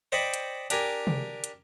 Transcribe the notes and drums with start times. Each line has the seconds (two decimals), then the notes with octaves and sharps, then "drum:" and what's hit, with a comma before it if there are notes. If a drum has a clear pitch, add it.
0.12 C5 D5 D#5 G5 B5 C#6
0.34 drum: hi-hat
0.70 D4 G4 A#4 G#5, drum: hi-hat
1.07 drum: tom C3
1.44 drum: hi-hat